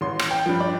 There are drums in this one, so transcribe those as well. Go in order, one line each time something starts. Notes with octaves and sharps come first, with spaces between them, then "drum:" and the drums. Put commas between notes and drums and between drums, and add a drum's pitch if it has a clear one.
A1 C6
drum: rim click
G5
G2 F3
D5